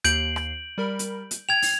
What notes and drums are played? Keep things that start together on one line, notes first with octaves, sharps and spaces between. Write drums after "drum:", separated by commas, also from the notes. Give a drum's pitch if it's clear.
D#2 G6 C7 D7 F#7, drum: hi-hat
drum: rim click
G3 A#4 B5
drum: hi-hat
drum: hi-hat
G5 G#6 F7
drum: open hi-hat